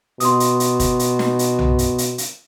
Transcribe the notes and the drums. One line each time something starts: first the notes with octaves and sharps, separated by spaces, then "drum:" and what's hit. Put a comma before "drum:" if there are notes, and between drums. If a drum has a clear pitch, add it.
B2 C6 D#6, drum: hi-hat
drum: hi-hat
drum: hi-hat
drum: kick, hi-hat
drum: hi-hat
drum: snare
drum: hi-hat
drum: tom
drum: hi-hat
drum: hi-hat
drum: hi-hat